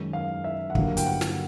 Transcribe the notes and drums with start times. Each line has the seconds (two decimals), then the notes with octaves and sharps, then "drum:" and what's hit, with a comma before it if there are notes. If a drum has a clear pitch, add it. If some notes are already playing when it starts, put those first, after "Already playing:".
Already playing: F#2 D#3 G#3
0.13 F5
0.44 E5
0.70 F#5
0.75 G2 D3 F#3 A#3 F5, drum: kick
0.97 G5, drum: hi-hat
1.06 F#5
1.21 drum: snare